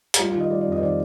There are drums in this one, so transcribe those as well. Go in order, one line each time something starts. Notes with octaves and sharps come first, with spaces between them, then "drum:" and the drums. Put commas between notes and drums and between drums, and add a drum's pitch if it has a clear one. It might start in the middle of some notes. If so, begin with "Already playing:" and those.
G4, drum: hi-hat
G3 F4
F4
D#3
D#5
G3 D5
D5
F2
D#5
C5
D#3 D5